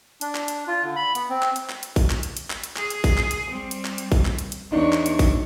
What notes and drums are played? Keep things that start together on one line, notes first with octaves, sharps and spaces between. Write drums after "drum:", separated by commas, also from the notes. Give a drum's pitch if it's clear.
D4, drum: hi-hat
drum: clap
drum: hi-hat
F4
D3
B5
B3, drum: hi-hat
C4
drum: clap
drum: hi-hat
drum: clap
drum: hi-hat
drum: kick, open hi-hat
drum: clap
drum: hi-hat
drum: hi-hat
drum: clap
drum: hi-hat
G#4, drum: clap
drum: hi-hat
drum: kick, open hi-hat
drum: clap
drum: hi-hat
G3 C4
drum: hi-hat
drum: clap
drum: hi-hat
drum: kick, open hi-hat
drum: clap
drum: hi-hat
drum: hi-hat
E2 D4 D#4 C#5
drum: clap
drum: hi-hat
drum: kick, open hi-hat